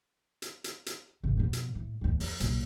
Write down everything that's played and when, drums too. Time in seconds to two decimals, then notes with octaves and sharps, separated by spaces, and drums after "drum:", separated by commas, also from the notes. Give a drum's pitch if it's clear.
0.42 drum: hi-hat
0.64 drum: hi-hat
0.86 drum: hi-hat
1.23 G#1 C3
1.37 F2 B2
1.53 drum: hi-hat
1.75 A2
2.01 D#2 G#2
2.20 F2, drum: open hi-hat
2.40 B1 A#2, drum: hi-hat